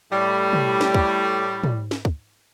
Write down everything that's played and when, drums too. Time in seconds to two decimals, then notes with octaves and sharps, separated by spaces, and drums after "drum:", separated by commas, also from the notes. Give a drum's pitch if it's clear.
0.12 A2 G3
0.53 drum: tom
0.81 drum: snare
0.94 drum: kick
1.64 drum: tom
1.91 drum: snare
2.05 drum: kick